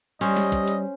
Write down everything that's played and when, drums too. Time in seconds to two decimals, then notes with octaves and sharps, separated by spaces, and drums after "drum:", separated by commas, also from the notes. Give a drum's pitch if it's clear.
0.21 G3 C#4 C5 D#5, drum: hi-hat
0.37 drum: snare
0.52 drum: kick, hi-hat
0.68 drum: hi-hat